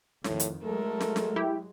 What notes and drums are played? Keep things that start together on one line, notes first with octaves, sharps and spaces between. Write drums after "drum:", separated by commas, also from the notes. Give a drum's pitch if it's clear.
F2 A2 D#3, drum: snare
drum: hi-hat
F#3 G#3 A3 A4 A#4
drum: snare
drum: snare
E4 G4